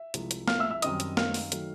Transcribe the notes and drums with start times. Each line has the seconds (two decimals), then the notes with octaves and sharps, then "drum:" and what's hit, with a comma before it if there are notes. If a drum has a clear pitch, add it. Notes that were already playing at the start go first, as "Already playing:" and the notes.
Already playing: E5
0.14 C2 C3 F3 G#3, drum: hi-hat
0.31 drum: hi-hat
0.48 F5 F6, drum: snare
0.59 E5 E6
0.70 E5 E6
0.82 F#2 D#3 G3 C4 D#4 D#5 D#6, drum: hi-hat
1.00 drum: hi-hat
1.17 F5 F6, drum: snare
1.34 drum: open hi-hat
1.52 D#3 F#3 A3, drum: hi-hat